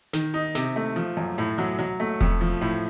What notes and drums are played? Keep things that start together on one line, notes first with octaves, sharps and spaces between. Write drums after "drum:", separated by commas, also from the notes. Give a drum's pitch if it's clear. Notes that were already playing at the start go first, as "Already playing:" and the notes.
D#3, drum: snare
D#4
C3, drum: snare
A3
F3, drum: hi-hat
F#2
A2, drum: hi-hat
F#3
F#3, drum: hi-hat
A3
F2, drum: kick E1, hi-hat
F3
A2, drum: hi-hat